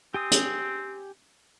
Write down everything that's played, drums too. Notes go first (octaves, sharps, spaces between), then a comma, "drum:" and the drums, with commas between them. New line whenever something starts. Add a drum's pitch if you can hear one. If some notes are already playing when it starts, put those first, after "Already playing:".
C4 G4 G#5 D#6
drum: hi-hat